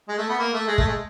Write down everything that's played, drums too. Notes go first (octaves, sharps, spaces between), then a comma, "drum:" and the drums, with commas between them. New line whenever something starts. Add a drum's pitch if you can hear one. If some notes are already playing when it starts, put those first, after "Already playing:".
G#3
A3
B3
A#3
A3
G#3
A3, drum: kick
G#3